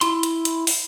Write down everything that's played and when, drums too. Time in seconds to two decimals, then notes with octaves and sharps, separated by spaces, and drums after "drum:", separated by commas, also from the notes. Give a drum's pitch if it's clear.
0.01 E4 C6, drum: hi-hat
0.23 drum: hi-hat
0.45 drum: hi-hat
0.67 drum: open hi-hat